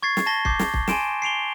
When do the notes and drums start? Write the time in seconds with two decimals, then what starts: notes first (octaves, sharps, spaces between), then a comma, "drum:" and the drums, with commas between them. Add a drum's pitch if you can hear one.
0.03 C#6 G#6 A6 C7
0.17 drum: snare
0.26 A5 A6 A#6 G7
0.45 D6 G6 C7, drum: kick
0.59 drum: snare
0.74 drum: kick
0.88 G#5 C6 D7 E7, drum: snare
1.22 C7 D7 F7 G7